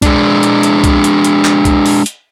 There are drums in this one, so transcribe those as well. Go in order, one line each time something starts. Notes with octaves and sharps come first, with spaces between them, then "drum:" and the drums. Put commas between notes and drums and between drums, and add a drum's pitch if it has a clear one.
G#3 D4, drum: kick, hi-hat
drum: hi-hat
drum: hi-hat
drum: kick, hi-hat
drum: hi-hat
drum: hi-hat
drum: clap
drum: kick, hi-hat
drum: open hi-hat
drum: hi-hat